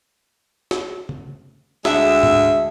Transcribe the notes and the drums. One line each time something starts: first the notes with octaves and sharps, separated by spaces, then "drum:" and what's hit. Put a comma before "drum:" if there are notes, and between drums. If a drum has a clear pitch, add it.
drum: snare
drum: tom C#3
D2 G#3 E5, drum: snare
drum: tom G#2